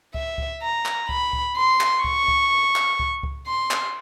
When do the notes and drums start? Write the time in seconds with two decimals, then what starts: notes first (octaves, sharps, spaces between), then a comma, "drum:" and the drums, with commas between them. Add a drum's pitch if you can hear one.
0.14 E5, drum: kick C#2
0.38 drum: kick C#2
0.62 A#5
0.86 drum: clap
1.09 B5, drum: kick C#2
1.33 drum: kick C#2
1.57 C6
1.81 drum: clap
2.04 C#6, drum: kick C#2
2.28 drum: kick C#2
2.76 drum: clap
3.00 drum: kick C#2
3.23 drum: kick C#2
3.47 C6
3.71 drum: clap